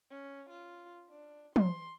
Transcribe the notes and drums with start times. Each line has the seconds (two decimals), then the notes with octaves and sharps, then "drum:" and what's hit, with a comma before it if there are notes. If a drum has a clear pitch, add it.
0.11 C#4
0.50 F4
1.10 D4
1.56 C6, drum: tom